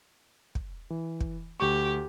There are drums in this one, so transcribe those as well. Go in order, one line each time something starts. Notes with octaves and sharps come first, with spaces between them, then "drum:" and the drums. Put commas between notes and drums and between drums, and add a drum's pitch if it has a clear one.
drum: kick
E3
drum: kick
D2 G4 C#6